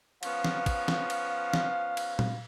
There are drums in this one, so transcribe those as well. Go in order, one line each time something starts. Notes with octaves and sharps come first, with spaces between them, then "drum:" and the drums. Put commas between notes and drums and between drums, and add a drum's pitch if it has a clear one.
F3 B3 C#4 F5, drum: cymbal
drum: snare
drum: kick, cymbal
drum: snare
drum: cymbal
drum: snare
drum: cymbal
drum: tom A#2